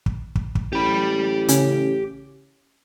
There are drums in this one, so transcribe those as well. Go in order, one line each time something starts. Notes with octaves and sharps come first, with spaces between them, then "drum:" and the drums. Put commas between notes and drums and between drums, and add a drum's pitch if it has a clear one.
drum: kick
drum: kick
drum: kick
A1 G4 B5
C#3 C#4, drum: hi-hat